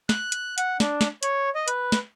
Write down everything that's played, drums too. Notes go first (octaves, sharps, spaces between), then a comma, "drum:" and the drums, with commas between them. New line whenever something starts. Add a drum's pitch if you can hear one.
F#6, drum: snare
drum: hi-hat
F#5, drum: hi-hat
D4, drum: snare
drum: snare
C#5, drum: hi-hat
D#5
B4, drum: hi-hat
drum: snare